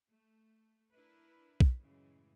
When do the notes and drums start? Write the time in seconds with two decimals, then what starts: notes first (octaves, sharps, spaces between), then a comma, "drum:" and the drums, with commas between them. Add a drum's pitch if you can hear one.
0.10 A3
0.91 D4 E4 A#4 B4
1.60 drum: kick
1.80 F#2 A2 C#3 E3 G#3